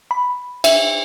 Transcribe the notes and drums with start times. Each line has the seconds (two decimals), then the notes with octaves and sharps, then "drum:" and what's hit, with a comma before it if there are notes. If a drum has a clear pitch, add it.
0.11 B5
0.64 E5, drum: cymbal